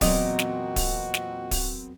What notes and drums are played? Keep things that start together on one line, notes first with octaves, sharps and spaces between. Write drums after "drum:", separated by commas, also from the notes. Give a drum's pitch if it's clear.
E2 A#2 F#3 B3 C4 F#4 A#4 D#5, drum: kick D1, open hi-hat
drum: snare
drum: kick D1, open hi-hat
drum: snare
drum: kick D1, open hi-hat